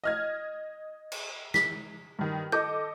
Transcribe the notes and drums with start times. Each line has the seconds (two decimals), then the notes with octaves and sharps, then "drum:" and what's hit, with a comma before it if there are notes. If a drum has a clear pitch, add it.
0.04 D#5 F6 G#6
1.12 drum: cymbal
1.54 B6, drum: snare G#4
2.19 G2 D#3
2.52 A4 D#5 D6 G6